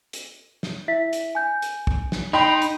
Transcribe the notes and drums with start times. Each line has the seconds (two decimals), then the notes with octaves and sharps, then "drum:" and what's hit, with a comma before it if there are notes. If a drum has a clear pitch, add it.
0.13 drum: hi-hat
0.63 drum: snare
0.88 E4 E5 B6
1.13 drum: hi-hat
1.35 G#5 G6
1.62 drum: hi-hat
1.87 drum: kick
2.12 drum: snare
2.33 D#4 G5 B5 C6
2.62 drum: hi-hat